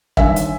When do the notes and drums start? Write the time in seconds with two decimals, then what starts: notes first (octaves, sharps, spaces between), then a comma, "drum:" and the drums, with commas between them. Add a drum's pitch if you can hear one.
0.17 G1 G2 D#3 E5 G#5, drum: kick
0.36 drum: hi-hat